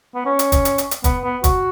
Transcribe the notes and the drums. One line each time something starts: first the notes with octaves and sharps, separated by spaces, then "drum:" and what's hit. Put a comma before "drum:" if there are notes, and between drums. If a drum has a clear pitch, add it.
B3
C#4
drum: hi-hat
drum: kick, hi-hat
drum: hi-hat
drum: hi-hat
drum: hi-hat
B3, drum: kick, hi-hat
B3
F#4, drum: kick, hi-hat